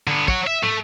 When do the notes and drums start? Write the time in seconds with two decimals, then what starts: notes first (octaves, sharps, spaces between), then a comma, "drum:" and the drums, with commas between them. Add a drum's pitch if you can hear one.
0.07 D3 B3
0.28 C#5 F#5, drum: kick
0.47 E5
0.63 A3, drum: tom